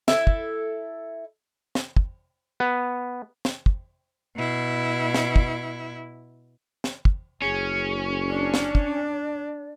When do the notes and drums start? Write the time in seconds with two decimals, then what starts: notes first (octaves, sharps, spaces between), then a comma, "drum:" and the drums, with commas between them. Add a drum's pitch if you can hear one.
0.08 E4 A4 E5, drum: snare
0.27 drum: kick
1.75 drum: snare
1.97 drum: kick
2.60 B3
3.45 drum: snare
3.66 drum: kick
4.36 B2 E4
5.14 drum: snare
5.36 drum: kick
6.84 drum: snare
7.05 drum: kick
7.42 F#1 C#4 G#4
8.30 D4 D5
8.54 drum: snare
8.75 drum: kick